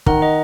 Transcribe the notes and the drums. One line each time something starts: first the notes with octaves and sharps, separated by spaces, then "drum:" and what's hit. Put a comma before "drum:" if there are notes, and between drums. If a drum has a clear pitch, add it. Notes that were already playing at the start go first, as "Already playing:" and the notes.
D#3 F#5 A#5, drum: kick
D#5 F#5